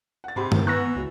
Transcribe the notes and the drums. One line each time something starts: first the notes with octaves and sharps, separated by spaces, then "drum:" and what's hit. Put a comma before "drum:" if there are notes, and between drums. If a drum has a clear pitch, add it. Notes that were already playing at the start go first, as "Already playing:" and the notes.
F#5 A6
G#2 C3 G4 B5 C6
D#3, drum: tom G2
E3 B3 A#5 C#6 E6 F#6 A#6
C#2 F#4